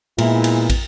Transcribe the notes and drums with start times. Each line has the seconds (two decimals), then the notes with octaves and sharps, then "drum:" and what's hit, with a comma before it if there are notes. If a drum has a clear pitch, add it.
0.18 A#2 G#3 B3 E4, drum: cymbal
0.44 drum: cymbal
0.70 drum: kick, cymbal